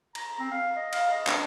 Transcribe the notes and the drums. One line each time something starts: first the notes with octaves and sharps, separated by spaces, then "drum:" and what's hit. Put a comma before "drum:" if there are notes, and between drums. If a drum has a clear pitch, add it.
A#5, drum: cymbal
C4
F5
D#5
F5, drum: cymbal
D#5
D4, drum: clap